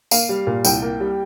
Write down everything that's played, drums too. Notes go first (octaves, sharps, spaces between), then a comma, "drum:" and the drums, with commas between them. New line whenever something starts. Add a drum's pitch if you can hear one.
A#3 F5, drum: tambourine
G3
A#2
C2 G5, drum: tambourine
A#3
G3